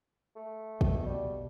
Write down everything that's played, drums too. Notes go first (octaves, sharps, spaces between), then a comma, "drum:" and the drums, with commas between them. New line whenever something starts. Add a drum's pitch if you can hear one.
A3
B2, drum: kick
G3